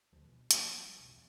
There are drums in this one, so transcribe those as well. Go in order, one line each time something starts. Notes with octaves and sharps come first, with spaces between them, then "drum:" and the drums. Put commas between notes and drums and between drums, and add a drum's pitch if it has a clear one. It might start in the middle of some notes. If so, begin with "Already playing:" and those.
D2 F3 G3
G2 B2 E3
F3 A#3, drum: hi-hat
F3 G3 G#3
B1 F#2 B2 E3
E2